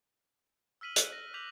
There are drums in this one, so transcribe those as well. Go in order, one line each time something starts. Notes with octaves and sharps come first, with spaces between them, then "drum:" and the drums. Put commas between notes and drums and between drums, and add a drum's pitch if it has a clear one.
E6 F6 B6 D#7 F#7
F#6 B6, drum: hi-hat
A#6
D6 E6 G6 B6 F7 F#7